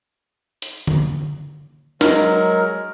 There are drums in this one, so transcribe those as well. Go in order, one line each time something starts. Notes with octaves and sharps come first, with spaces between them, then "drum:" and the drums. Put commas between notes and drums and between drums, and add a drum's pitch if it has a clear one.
drum: hi-hat
drum: tom D3
F#3 G#3 A#4, drum: snare